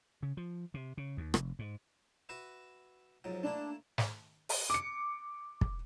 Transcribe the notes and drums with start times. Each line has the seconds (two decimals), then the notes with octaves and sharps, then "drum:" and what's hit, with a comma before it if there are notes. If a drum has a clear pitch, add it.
0.23 C#3
0.37 F3
0.74 C3
0.97 C#3
1.17 D#2
1.34 F1, drum: rim click
1.59 G#2
2.29 F#4 B4 E5
3.24 F2 G#2 F#3
3.43 A3 A#3 D4 E4
3.98 drum: snare
4.49 drum: open hi-hat
4.70 D6 C#7
5.61 drum: kick